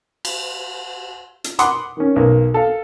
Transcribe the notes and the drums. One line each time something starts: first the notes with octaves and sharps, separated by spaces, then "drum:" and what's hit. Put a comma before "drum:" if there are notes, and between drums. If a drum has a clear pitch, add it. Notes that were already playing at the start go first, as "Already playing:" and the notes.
drum: cymbal
drum: hi-hat
F#5 B5 C6 D6 D#6, drum: hi-hat
D#3 C#4
B1 A#3
A4 F5